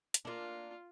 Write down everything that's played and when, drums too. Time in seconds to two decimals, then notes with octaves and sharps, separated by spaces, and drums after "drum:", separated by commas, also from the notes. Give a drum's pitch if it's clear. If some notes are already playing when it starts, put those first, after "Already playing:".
0.14 drum: hi-hat
0.25 A#3 D4 F4